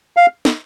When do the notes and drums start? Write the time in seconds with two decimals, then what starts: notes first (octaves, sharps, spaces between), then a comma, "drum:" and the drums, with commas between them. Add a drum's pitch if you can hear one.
0.17 F5
0.45 drum: snare